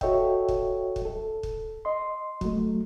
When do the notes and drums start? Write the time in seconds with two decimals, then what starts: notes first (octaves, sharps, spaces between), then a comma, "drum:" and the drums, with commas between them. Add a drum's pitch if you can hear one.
0.01 F#4 A4 C#5 D#5 E5 G5, drum: kick
0.48 drum: kick
0.96 drum: kick
1.05 A4
1.43 drum: kick
1.85 D#5 C6
2.41 F#3 A3, drum: kick